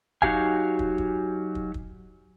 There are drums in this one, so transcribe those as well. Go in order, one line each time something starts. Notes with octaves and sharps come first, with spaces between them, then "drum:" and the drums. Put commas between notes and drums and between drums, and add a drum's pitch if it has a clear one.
F#3 D#4 F#4 G4 F5 G#5, drum: kick
drum: kick
drum: kick
drum: kick
drum: kick